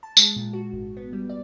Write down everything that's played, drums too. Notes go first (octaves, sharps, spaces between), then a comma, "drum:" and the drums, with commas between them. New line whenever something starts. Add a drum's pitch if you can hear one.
A5
G#3, drum: tambourine
A#2
F#4
G#1
B3
G3
D5